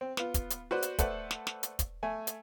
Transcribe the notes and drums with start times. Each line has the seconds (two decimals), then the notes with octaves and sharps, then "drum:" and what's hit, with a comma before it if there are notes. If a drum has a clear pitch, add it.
0.01 C4
0.17 B3 F4, drum: snare
0.34 drum: kick, hi-hat
0.50 drum: hi-hat
0.71 F#4 B4 C5 D5
0.82 drum: hi-hat
0.99 A3 A4 B4 C5 D5 F#5, drum: kick, hi-hat
1.31 drum: snare
1.47 drum: snare
1.63 drum: hi-hat
1.79 drum: kick, hi-hat
2.03 A3 G#5
2.27 drum: hi-hat